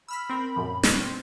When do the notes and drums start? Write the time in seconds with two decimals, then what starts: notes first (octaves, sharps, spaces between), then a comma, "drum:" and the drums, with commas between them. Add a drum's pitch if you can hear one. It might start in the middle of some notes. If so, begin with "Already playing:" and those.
0.08 B5 E6 F6 B6
0.30 C4 A#4
0.56 F#2 A#2 F3
0.83 B2, drum: snare
0.99 C4